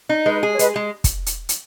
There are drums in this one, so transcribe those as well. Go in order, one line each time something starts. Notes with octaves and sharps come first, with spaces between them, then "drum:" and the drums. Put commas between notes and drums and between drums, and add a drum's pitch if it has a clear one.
D#4
G#3 B4 D#5
G#4
C#5
G#3 B4 D#5, drum: hi-hat
G#3
drum: kick, hi-hat
drum: hi-hat
drum: hi-hat